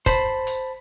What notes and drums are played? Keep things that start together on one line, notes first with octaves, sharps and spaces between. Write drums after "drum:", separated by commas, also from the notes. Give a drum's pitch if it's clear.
C5 A5 B5, drum: kick, hi-hat
drum: hi-hat